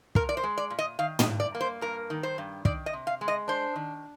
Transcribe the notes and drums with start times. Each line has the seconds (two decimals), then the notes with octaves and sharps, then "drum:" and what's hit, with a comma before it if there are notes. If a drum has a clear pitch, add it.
0.15 A#2 A#4, drum: kick
0.29 D5
0.37 C5
0.43 G#3
0.58 D5
0.70 A#2
0.79 D#5
0.99 D#3 F5
1.19 D#5, drum: tom
1.27 G2
1.40 D5
1.55 A#3
1.61 C5
1.81 G2 A#4
2.10 D#3
2.23 C5
2.38 G2
2.65 D#3 D5, drum: kick
2.86 D#5
2.93 C3
3.07 F5
3.21 G#3
3.28 D#5
3.48 D4 C5
3.75 D#3